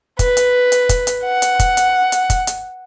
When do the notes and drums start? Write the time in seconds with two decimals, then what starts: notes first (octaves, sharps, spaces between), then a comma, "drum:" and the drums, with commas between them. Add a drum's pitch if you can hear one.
0.19 B4, drum: kick, hi-hat
0.37 drum: hi-hat
0.72 drum: hi-hat
0.89 drum: kick, hi-hat
1.07 drum: hi-hat
1.24 F#5
1.42 drum: hi-hat
1.59 drum: kick, hi-hat
1.77 drum: hi-hat
2.12 drum: hi-hat
2.30 drum: kick, hi-hat
2.47 drum: hi-hat